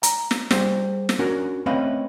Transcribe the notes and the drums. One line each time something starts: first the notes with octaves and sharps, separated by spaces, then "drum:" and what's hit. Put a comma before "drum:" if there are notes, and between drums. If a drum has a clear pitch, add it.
A#5, drum: hi-hat
drum: snare
G3 G#4 C5, drum: snare
drum: snare
C#4 D4 F#4 A#4
A3 C4 C#4 B4 D#5 F5